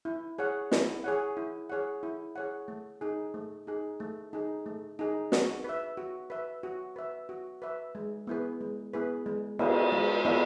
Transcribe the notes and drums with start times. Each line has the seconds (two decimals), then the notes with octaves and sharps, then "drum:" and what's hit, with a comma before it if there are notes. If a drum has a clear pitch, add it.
0.05 E4
0.39 G#4 C#5 F#5
0.71 E4, drum: snare
1.04 G#4 C#5 F#5
1.37 E4
1.70 G#4 C#5 F#5
2.03 E4
2.36 G#4 C#5 F#5
2.68 A3
3.01 D#4 G#4
3.34 A3
3.67 D#4 G#4
4.00 A3
4.33 D#4 G#4
4.66 A3
4.99 D#4 G#4
5.32 F#4, drum: snare
5.64 B4 E5
5.97 F#4
6.30 B4 E5
6.63 F#4
6.96 B4 E5
7.29 F#4
7.62 B4 E5
7.95 G#3
8.27 B3 E4 G#4 B4
8.61 G#3
8.93 B3 E4 G#4 B4
9.26 G#3
9.59 B3 E4 G#4 B4, drum: cymbal
9.92 G#3
10.25 B3 E4 G#4 B4, drum: cymbal